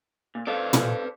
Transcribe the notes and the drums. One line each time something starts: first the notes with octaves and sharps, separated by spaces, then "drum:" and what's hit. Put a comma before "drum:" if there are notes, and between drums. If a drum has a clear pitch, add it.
A#2
C4 A4 B4 D5 F5
drum: tom